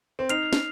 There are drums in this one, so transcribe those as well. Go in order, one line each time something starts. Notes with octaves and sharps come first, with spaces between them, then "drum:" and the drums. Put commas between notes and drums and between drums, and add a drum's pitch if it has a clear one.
C4
D#4 F6 C7 F7, drum: hi-hat
drum: snare